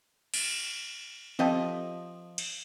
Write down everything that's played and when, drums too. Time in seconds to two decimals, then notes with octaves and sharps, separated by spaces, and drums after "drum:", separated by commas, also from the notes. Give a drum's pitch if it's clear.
0.34 drum: cymbal
1.39 F3 C4 G4 A4 D#5
2.38 drum: cymbal